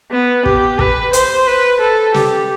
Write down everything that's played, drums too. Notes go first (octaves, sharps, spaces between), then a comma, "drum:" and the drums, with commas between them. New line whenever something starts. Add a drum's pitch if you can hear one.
B3
G4, drum: kick
B4, drum: kick
C5, drum: hi-hat
B4
A4
G4, drum: snare